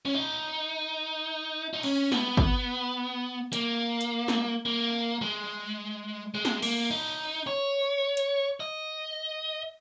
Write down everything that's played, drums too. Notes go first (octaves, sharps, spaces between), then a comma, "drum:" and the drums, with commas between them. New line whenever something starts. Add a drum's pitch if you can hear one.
C#4
D#4
D#4
C#4, drum: cymbal
B3, drum: snare
drum: kick
A#3, drum: hi-hat
drum: hi-hat
drum: snare
A#3
G#3
G#3
drum: snare
A#3, drum: cymbal
D#4
C#5
drum: hi-hat
D#5